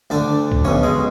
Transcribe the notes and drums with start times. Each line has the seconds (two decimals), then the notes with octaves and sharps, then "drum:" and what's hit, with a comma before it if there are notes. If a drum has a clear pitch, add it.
0.10 D2 D3 D4 D5
0.52 drum: kick A#1
0.65 B1 B2 C#4 C#5
0.83 G#3 G#4